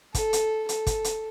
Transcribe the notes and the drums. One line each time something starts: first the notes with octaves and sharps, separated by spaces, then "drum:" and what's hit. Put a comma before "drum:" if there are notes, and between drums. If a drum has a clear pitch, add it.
A4, drum: kick, hi-hat
drum: hi-hat
A4, drum: hi-hat
drum: kick, hi-hat
drum: hi-hat